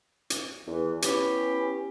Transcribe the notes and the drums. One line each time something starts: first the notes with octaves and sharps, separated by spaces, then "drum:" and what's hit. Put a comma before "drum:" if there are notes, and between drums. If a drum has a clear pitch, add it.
drum: hi-hat
E2 E3
B3 C#4 E4 G4, drum: hi-hat